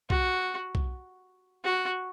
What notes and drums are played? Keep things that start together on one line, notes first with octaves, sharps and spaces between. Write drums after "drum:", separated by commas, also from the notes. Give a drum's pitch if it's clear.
F#4, drum: kick
drum: kick
F#4